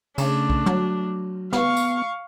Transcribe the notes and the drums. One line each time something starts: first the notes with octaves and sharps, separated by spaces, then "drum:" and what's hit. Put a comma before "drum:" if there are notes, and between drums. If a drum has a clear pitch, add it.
C#3 A3 D4, drum: cymbal
drum: kick B1
F#3, drum: tom
B3 F5 C#6, drum: snare
drum: tambourine